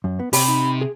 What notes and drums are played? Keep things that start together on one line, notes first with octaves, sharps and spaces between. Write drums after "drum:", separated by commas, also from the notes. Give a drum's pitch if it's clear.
F#2
B3
C3 G4 C5 C#5 B5, drum: open hi-hat
D#4
G#4